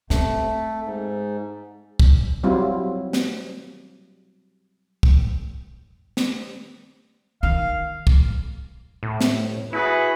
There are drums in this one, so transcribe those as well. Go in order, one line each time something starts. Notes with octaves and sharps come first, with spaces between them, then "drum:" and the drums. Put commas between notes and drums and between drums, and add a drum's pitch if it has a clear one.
A3 C4, drum: snare
G#2
drum: kick
F#3 G3 C4 E4 F4
drum: snare
drum: kick
drum: snare
D#3 F5
drum: kick
A2
drum: snare
E4 F#4 G#4 B4